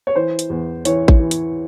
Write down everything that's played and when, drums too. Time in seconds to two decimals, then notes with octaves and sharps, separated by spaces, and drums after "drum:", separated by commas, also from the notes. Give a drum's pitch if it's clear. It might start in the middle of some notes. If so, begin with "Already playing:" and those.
0.07 C#5
0.16 E3 C5
0.39 drum: hi-hat
0.50 E2
0.85 E3 C#5, drum: hi-hat
1.08 drum: kick A1
1.19 E3
1.31 drum: hi-hat